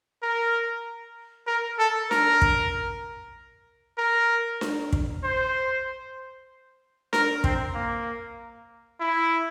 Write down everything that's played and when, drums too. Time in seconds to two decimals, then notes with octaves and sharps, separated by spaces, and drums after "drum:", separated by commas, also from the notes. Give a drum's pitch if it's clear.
0.23 A#4
1.47 A#4
1.79 A4
2.11 A#4, drum: snare D4
2.42 drum: kick
3.98 A#4
4.61 drum: snare D4
4.93 drum: kick
5.24 C5
7.13 A#4, drum: snare D4
7.44 C4, drum: kick
7.75 A#3
9.00 E4